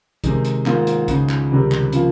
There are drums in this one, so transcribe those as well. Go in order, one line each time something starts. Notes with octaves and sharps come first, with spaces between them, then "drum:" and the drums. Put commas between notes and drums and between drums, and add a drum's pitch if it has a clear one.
C3 D#3 G#3 D#4, drum: kick, hi-hat
drum: hi-hat
G#2 D#3 A#3 F4, drum: clap
drum: hi-hat
C#2 C#3 G#3 D#4, drum: kick, hi-hat
drum: clap
C#2 C3 D#3 G3 C4
drum: clap
C#3 F3 A#3 F4, drum: hi-hat